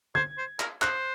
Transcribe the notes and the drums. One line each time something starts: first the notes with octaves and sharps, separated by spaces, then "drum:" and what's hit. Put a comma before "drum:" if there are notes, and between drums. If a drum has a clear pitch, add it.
C5 G#6, drum: tom
C5
A#4, drum: clap
C5 F#6, drum: clap